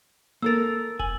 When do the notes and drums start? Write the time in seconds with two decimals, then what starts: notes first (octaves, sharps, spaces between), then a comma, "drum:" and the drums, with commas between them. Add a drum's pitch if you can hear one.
0.42 A#3 A4 A#4 E6 A6
0.99 G#5 E6 F#7, drum: kick